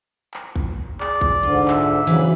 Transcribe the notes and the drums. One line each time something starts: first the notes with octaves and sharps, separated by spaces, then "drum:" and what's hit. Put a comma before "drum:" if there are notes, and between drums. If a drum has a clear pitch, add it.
drum: clap
drum: kick
G#4 D5, drum: clap
drum: kick
G#2 D3 F4
E5, drum: clap
C#3 E3 F#3 B4